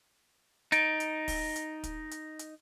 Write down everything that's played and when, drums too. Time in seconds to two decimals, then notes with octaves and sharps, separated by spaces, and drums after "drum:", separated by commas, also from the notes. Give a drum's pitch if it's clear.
0.72 D#4 A6 D7, drum: hi-hat
1.00 drum: hi-hat
1.28 drum: kick, open hi-hat
1.56 drum: hi-hat
1.84 drum: kick, hi-hat
2.11 drum: hi-hat
2.39 drum: hi-hat